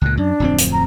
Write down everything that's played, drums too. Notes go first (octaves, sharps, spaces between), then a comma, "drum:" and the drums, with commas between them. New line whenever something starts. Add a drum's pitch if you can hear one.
C#2 A#2 F#6
F#2 D4
D1 F2 C4
drum: hi-hat
A#5